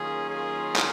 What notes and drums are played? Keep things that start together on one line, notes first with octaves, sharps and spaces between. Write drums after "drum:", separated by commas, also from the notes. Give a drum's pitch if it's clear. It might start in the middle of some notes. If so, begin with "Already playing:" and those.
Already playing: D#3 F#3 A#3 C#4 F4 G#4
F4 G#4
drum: clap